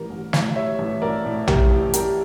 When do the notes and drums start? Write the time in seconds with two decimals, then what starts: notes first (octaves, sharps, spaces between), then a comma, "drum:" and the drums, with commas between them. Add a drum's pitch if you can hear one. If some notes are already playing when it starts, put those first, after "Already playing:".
Already playing: A1 G3 A#4
0.10 A1
0.33 A2, drum: snare
0.56 G3 C#5 E5
0.79 A1
1.02 A1 A#4 D5
1.25 A2
1.48 G3 G4 A#4, drum: tom A#1
1.71 A1
1.94 A1 G4 A#4, drum: hi-hat